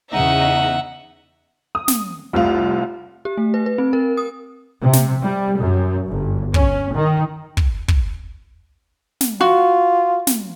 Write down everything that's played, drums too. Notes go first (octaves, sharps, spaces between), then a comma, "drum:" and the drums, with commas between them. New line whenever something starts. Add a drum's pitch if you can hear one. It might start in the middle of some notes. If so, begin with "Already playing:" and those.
E2 C#3 D#4 E5 F#5
D#6
drum: snare
F1 C2 F4
G4
A3
B4
B4
C4
A#4
D#6
C3
drum: snare
G3
F#2
G1
C#4, drum: kick
D#3
drum: kick
drum: kick
drum: snare
F4 F#4
drum: snare